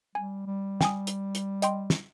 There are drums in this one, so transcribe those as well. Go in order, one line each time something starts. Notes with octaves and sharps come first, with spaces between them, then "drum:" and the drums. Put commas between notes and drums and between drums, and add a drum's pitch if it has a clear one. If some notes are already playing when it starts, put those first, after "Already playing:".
G3 G#5
G3
G5 G#5 D#6, drum: snare
drum: hi-hat
drum: hi-hat
D#5 G5 C6, drum: hi-hat
drum: snare